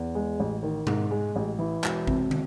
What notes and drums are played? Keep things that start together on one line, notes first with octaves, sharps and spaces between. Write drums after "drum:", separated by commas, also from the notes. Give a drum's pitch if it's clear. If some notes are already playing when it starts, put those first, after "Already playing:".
Already playing: E2
G#3
A1
D#3
G#2, drum: tom B2
G#3
A1
E3
E1, drum: clap
C3, drum: kick G#1
drum: tom